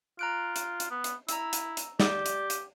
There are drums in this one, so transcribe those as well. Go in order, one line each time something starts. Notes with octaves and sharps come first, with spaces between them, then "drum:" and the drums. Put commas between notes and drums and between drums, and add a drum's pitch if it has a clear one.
F4 A#5 F#6 D7
drum: hi-hat
drum: hi-hat
B3
drum: hi-hat
E4 A#5 E6, drum: hi-hat
drum: hi-hat
drum: hi-hat
G4 D5, drum: snare
drum: hi-hat
drum: hi-hat